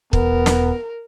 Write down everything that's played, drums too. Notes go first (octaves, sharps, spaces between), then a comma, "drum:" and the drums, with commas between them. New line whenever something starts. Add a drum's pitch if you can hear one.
E1 B3 A#4, drum: kick
drum: snare